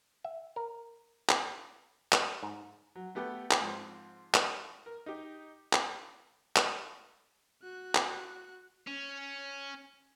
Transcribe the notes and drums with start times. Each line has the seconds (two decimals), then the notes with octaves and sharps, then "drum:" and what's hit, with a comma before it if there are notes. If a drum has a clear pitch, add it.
0.24 E5
0.56 A#4
1.29 drum: clap
2.12 drum: clap
2.43 G#2
2.96 F#3
3.15 A3 B3 G4 A4 B4
3.51 drum: clap
3.60 G#2 F3 C4
4.34 drum: clap
4.86 A#4
5.06 D#4 G4
5.73 drum: clap
6.56 drum: clap
7.63 F#4 F#6
7.95 drum: clap
8.87 C#4